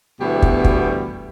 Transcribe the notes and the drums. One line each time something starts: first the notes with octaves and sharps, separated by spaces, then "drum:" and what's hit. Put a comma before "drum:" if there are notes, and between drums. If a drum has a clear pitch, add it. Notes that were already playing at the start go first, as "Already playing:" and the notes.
D2 B2 E3 G3 B3 G4
drum: kick
drum: kick